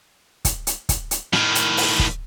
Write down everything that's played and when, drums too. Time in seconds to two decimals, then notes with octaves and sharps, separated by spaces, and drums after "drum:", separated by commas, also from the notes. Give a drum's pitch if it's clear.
0.45 drum: kick, hi-hat
0.67 drum: hi-hat
0.89 drum: kick, hi-hat
1.11 drum: hi-hat
1.33 A2 D#3, drum: rim click
1.55 drum: hi-hat
1.77 drum: open hi-hat
1.99 drum: kick